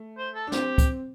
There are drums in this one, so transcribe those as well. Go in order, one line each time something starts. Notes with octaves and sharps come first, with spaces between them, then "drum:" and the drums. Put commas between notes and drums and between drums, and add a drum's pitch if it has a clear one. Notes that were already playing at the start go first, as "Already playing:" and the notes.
Already playing: A3
C5
A4
D4
C4 G4, drum: snare
drum: kick, hi-hat